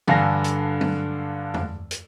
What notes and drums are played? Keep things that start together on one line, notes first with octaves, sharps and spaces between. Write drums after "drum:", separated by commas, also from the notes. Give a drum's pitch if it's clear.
G2 D3 A4 F5 G#5 A#6, drum: tom E3
drum: hi-hat
drum: tom F#3
drum: tom E2
drum: hi-hat